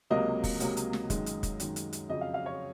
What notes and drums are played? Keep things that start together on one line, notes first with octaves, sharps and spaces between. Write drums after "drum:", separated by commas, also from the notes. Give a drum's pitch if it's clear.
C#2 C3 F#3 A#3 D#5
drum: kick, open hi-hat
C#2 C3 F#3 A#3, drum: hi-hat
drum: hi-hat
drum: snare
F#2 D#3 G#3, drum: kick, hi-hat
drum: hi-hat
drum: kick, hi-hat
F#2 D#3 G#3, drum: hi-hat
drum: hi-hat
drum: hi-hat
F2 C#3 F#3 D#5
F5
F5
C#5